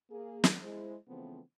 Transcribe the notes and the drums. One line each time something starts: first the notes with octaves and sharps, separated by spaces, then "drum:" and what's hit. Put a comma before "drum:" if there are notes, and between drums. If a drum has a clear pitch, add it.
A#3 G#4
drum: snare
G#3 E4 C5
C#3 E3 F3 A3 B3 C4